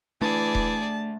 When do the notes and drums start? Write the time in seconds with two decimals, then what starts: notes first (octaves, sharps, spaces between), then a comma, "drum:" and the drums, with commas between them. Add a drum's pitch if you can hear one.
0.22 E3 A3 D4 G#4 D5 A5
0.55 drum: kick D#1